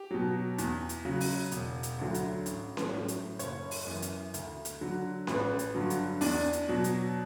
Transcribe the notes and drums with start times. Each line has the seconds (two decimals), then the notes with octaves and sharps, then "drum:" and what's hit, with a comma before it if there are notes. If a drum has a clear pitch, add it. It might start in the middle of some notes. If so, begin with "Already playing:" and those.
Already playing: G4
0.11 B2 F#3
0.58 E2, drum: hi-hat
0.89 drum: hi-hat
1.05 C#3 F#3
1.20 drum: open hi-hat
1.51 E1, drum: hi-hat
1.83 drum: hi-hat
1.99 D2 D3 F#3
2.14 drum: hi-hat
2.46 A1, drum: hi-hat
2.77 drum: snare C#4
2.92 A2 F#3
3.08 drum: hi-hat
3.39 F#1 C#5, drum: hi-hat
3.71 drum: open hi-hat
3.87 F#2 E3
4.02 drum: hi-hat
4.34 D2, drum: hi-hat
4.65 drum: hi-hat
4.81 D3 F#3
5.27 A1 B4, drum: snare C#4
5.59 drum: hi-hat
5.75 G2 D3 F#3
5.90 drum: hi-hat
6.21 E2 D4, drum: open hi-hat
6.53 drum: hi-hat
6.69 B2 F#3
6.84 drum: hi-hat